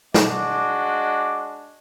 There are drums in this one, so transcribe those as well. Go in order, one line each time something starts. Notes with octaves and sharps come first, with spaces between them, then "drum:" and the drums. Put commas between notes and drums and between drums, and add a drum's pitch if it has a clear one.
G#3 D4 F#4 D#5 D6, drum: snare